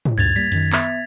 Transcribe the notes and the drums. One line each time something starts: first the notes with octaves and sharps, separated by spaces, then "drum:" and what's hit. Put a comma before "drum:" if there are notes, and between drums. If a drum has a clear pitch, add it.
drum: tom G#2
D2 G2 A#2 G#6 A6 F7
G3 A#3 B6
F#2 D#3, drum: hi-hat
B3 E5, drum: clap